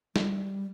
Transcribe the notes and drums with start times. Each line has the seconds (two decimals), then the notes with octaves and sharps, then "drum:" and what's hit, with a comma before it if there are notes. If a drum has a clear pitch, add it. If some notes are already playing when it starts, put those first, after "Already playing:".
0.16 G3, drum: snare